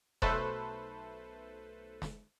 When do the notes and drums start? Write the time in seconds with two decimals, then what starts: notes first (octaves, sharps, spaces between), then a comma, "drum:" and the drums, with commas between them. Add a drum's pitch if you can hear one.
0.22 B1 A3 A4 B4 C5, drum: kick E1
2.02 drum: snare